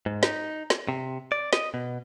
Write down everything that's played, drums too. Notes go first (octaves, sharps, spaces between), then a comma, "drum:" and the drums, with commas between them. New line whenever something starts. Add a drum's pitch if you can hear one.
G#2
D#4, drum: snare
drum: snare
C3
D5
D#5, drum: snare
B2